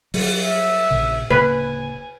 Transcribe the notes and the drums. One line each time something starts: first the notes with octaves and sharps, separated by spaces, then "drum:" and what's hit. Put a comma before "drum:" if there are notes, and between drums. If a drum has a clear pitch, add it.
F#3 G3, drum: open hi-hat
E5
A#1 A#2 C#3
D1 C#3 A#3 B4 G#5